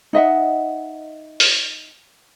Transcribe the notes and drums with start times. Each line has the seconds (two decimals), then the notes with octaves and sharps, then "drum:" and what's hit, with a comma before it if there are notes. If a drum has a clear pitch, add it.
0.13 D#4 D#5 E5 F#5
1.40 drum: open hi-hat